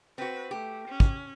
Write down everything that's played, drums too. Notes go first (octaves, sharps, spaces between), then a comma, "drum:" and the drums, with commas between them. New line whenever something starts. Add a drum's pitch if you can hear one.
C4 F#4 B4
A3 G4
C#4
drum: kick